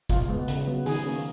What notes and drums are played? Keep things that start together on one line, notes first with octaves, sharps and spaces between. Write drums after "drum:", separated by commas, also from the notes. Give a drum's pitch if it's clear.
C#3 F4, drum: kick G#1, hi-hat
G#3 B3
C#3, drum: hi-hat
F#3 B3
D#3 G#4, drum: open hi-hat
A#3 C#4